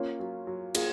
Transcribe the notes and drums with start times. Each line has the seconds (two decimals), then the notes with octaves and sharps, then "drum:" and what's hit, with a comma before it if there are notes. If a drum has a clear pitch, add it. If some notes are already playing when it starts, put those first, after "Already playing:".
Already playing: A#3 C#4 F4
0.19 F#3
0.47 F#3
0.75 A#3 F4 G#4, drum: cymbal